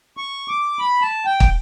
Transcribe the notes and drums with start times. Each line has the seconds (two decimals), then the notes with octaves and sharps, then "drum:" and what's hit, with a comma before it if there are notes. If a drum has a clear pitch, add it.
0.17 C#6
0.48 D6
0.79 B5
1.02 A5
1.25 G5
1.40 drum: kick